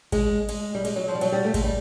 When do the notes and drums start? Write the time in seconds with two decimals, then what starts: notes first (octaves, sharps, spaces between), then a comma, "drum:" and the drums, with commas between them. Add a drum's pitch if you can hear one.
0.12 G#3, drum: kick G#1, cymbal
0.49 G#3, drum: cymbal
0.75 G3
0.85 G#3, drum: cymbal
0.96 F#3
1.08 F3
1.15 G3
1.21 F#3, drum: cymbal
1.32 G3
1.45 A3
1.54 G#3, drum: kick G#1, cymbal
1.64 G3